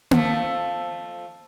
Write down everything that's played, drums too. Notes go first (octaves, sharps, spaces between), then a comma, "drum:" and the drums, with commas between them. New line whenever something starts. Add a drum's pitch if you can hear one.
F2 F3 A3, drum: tom A#3